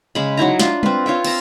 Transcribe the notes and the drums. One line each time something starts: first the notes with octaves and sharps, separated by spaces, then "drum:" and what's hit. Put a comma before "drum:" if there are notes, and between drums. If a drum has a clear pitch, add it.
C#3 G#3 B5
F#3 D#4 E4 A#5
D4 F4, drum: snare
C4 B4, drum: tom
F4 C#5 E5 G5
C4 A#5, drum: cymbal